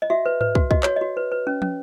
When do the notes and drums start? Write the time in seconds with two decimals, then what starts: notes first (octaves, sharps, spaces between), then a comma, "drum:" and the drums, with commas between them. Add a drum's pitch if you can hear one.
0.02 D#5
0.10 F#4 E5
0.26 B4
0.41 B4, drum: tom G#2
0.55 F#4, drum: kick
0.71 F#4 D#5, drum: kick
0.83 F#4 C#5, drum: clap
0.96 F#4 D#5
1.17 B4
1.32 B4
1.47 C#4
1.62 C#4, drum: tom